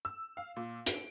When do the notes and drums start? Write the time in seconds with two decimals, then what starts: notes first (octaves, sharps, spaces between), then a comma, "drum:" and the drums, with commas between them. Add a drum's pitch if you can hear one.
0.05 E6
0.37 F5
0.56 A#2
0.86 D7, drum: hi-hat